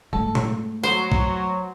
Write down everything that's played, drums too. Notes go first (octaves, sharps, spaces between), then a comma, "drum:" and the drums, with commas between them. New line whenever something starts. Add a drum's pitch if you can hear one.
G#2 A3 A4
drum: tom
F#3 B3 C5
drum: kick